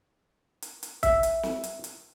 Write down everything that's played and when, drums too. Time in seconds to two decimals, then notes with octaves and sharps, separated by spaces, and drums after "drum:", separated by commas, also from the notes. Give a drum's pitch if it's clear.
0.62 drum: hi-hat
0.83 drum: hi-hat
1.03 E5, drum: kick, hi-hat
1.23 drum: hi-hat
1.43 drum: snare
1.64 drum: hi-hat
1.84 drum: hi-hat